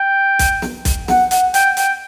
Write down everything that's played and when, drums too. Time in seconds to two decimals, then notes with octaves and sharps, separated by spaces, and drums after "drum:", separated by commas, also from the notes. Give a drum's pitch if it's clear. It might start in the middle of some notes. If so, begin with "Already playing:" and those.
Already playing: G5
0.39 drum: kick B1, hi-hat
0.62 drum: snare
0.85 drum: kick B1, hi-hat
1.08 F#5, drum: snare
1.31 F#5, drum: hi-hat
1.54 G5, drum: hi-hat
1.77 G5, drum: hi-hat